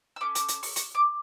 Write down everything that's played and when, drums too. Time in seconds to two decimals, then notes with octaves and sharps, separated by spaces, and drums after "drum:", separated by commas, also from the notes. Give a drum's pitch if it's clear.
0.16 E6
0.21 A3 C#4 D6
0.35 D6, drum: hi-hat
0.48 drum: hi-hat
0.63 C#6, drum: open hi-hat
0.76 C#6, drum: hi-hat
0.95 D6